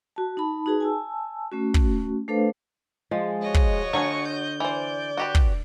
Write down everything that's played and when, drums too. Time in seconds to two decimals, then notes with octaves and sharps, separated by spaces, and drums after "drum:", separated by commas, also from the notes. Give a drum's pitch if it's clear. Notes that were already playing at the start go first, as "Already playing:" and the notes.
0.16 F#4 A5
0.37 D#4 A5 B5
0.66 D#4 F#4 G#4 B4 A5
0.80 G#5 A5 E6
1.52 A3 C#4 F#4
1.74 drum: kick
2.28 A3 D4 A4 B4 C5 F5
3.11 F3 G#3
3.41 F#4 C#5 D#5
3.54 drum: kick
3.93 D3 F#3 A3 F5 F#5 G#5 C#6
4.25 G6
4.60 E3 C5 D5
5.17 F#4 G4 B4
5.35 drum: kick